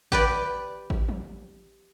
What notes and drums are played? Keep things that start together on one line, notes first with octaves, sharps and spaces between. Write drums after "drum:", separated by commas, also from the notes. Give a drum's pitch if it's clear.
G4 B4 D5, drum: kick G#1
drum: kick G#1
drum: tom